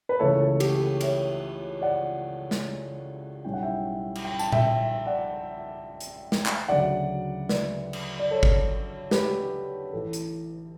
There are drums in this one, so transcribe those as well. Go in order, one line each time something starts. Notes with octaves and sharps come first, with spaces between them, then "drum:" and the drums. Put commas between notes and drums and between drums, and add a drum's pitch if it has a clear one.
B4
C#2 C#3 E3 A3 A4 C#5
A4
G4, drum: cymbal
A4
C#5 E5, drum: cymbal
D5 F#5
drum: snare
B1 A2 G3 C#4 E4 G5
F#5
E5 G5
drum: cymbal
G5
A5, drum: tambourine
E5 G5, drum: tom A#2
D5 F#5
drum: hi-hat
drum: snare
drum: clap
D2 C#3 F#3 D5 F#5
B4 D5, drum: snare
drum: cymbal
D5
A4 C#5
drum: kick G1
G4 B4, drum: snare
A1 A2 E3 A4
drum: hi-hat